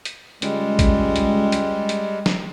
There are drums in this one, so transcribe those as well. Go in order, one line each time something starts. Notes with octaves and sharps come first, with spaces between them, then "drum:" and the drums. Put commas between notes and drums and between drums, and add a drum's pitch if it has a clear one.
drum: hi-hat
C#2 G3 G#3, drum: hi-hat
drum: kick A1, hi-hat
drum: hi-hat
drum: hi-hat
drum: hi-hat
drum: snare